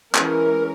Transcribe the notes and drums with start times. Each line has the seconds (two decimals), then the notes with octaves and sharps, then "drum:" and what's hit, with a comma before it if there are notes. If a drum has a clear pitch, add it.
0.15 E3 G#3 C#4 A#4, drum: clap